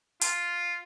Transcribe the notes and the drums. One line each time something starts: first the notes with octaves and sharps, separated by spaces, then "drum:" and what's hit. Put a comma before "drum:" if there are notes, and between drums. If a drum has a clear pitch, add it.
F4, drum: hi-hat